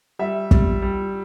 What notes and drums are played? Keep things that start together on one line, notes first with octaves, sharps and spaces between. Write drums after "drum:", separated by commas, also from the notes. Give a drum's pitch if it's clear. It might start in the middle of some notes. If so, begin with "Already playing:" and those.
G3 E5
G3, drum: kick
G3